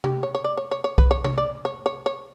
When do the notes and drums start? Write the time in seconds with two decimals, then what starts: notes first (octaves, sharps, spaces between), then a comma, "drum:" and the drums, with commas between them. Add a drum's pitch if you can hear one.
0.04 G4, drum: tom C3
0.23 C#5
0.35 C#5
0.44 D5
0.57 C#5
0.71 C#5
0.84 C#5
0.98 B4, drum: kick C2
1.11 C#5
1.24 C#5, drum: tom C3
1.38 D5
1.65 C#5
1.86 C#5
2.06 C#5